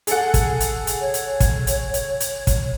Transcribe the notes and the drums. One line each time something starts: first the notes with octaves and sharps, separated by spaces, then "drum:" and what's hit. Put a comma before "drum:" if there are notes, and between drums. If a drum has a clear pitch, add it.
G#4 A4 F#5, drum: hi-hat
drum: kick, hi-hat
drum: hi-hat
drum: hi-hat
C#5
drum: hi-hat
drum: kick, hi-hat
drum: hi-hat
drum: hi-hat
drum: hi-hat
drum: kick, hi-hat